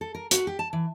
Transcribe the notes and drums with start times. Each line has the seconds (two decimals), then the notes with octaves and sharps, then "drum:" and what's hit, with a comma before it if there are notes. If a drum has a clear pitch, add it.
0.01 A4
0.15 A#4
0.31 F#4, drum: hi-hat
0.47 G4
0.59 A5
0.73 E3